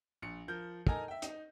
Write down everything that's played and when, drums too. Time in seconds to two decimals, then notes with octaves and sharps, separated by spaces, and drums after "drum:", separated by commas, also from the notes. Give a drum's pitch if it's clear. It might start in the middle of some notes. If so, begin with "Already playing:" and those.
0.22 A#1 C#7
0.48 F3 A#4 G6
0.87 D#4 A4 A#4 D#5 G#5 A#5, drum: kick
1.08 E5 G5
1.22 D#4, drum: hi-hat